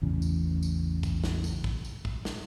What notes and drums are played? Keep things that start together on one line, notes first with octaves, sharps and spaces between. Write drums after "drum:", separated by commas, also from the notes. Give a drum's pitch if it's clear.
A1 E2 C#3 E3
drum: tambourine
drum: tambourine
drum: kick, tambourine
drum: snare
drum: tambourine
drum: kick
drum: tambourine
drum: kick
drum: snare